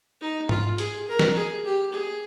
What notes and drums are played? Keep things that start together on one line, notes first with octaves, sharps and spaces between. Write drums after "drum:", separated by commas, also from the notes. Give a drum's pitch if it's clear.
D#4
F4, drum: tom G#2
G#4, drum: hi-hat
A#4
drum: snare
G#4
G4
G#4